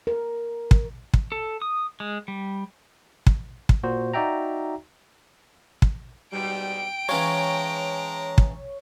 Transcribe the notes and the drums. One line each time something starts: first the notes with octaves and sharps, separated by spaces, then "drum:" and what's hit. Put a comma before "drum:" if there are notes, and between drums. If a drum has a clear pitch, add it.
A#4
drum: kick
drum: kick
A4
D#6
G#3
G3
drum: kick
drum: kick
A#2 F#4 C5
D#4 F#4 D5 E5 G5 A#5
drum: kick
G#2 B2 G3 G5 D7
E3 G#3 C#4 F4 C#5 A5 A#5
drum: kick